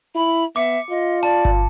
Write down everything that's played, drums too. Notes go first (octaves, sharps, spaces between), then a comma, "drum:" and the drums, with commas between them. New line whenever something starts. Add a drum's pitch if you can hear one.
E4 B5
B3 E5 D6 C#7
F4 D#5
D5 A5
drum: kick G1